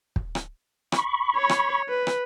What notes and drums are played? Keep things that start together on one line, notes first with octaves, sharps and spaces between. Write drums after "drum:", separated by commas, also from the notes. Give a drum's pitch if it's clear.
drum: kick
drum: rim click
B5 C#6, drum: rim click
C#5
drum: rim click
B4
drum: rim click